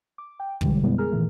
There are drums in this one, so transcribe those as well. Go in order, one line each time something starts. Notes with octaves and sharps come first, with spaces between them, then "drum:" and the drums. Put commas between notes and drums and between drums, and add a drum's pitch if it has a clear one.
D6
G5
B2 D3 E3 G3 G#3, drum: kick
F#2 B2 G3 G#3 B3 E4
G#4 A#4 A#5 F6
A#2 D#3 E3 A3